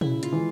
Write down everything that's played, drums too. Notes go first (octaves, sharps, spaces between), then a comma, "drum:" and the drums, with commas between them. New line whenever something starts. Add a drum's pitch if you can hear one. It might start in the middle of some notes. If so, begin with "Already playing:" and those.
C#3 E4, drum: tom
F4, drum: hi-hat
E3 G#3